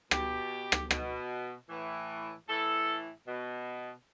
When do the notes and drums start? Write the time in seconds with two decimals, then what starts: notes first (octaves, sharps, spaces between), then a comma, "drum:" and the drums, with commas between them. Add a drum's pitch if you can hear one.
0.11 B2 G4, drum: rim click
0.72 drum: rim click
0.91 B2, drum: rim click
1.69 A2 E3
2.48 A2 E3 A4
3.27 B2